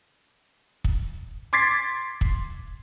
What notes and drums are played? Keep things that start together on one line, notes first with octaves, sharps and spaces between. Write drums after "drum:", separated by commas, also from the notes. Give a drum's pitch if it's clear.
drum: kick
C6 D6 G#6 A6 B6 C7
drum: kick